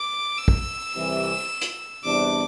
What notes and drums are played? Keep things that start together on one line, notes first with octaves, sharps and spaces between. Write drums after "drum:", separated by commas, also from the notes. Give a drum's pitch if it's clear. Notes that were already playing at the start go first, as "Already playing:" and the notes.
Already playing: D6
E6
drum: kick
C2 C3 E3
drum: hi-hat
E2 C3 G3 D4 D6